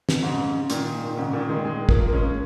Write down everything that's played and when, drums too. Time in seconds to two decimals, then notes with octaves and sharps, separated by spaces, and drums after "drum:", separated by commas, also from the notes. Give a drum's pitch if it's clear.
0.09 drum: snare
0.23 G#2 C#3
0.70 A#2 D#3, drum: hi-hat
1.06 D#3
1.17 G#2 C#3
1.33 A#2 D#3
1.49 D#3 G#3
1.65 D#3 G#3
1.89 F3 A#3, drum: kick
2.08 A#3
2.12 G#3 C#4